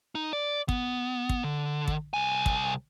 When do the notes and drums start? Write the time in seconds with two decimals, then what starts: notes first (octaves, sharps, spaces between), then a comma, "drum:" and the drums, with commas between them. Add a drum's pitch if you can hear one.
0.15 D#4
0.33 D5
0.69 B3, drum: kick
1.29 drum: kick
1.44 D3
1.88 drum: kick
2.14 C2 G#5
2.46 drum: kick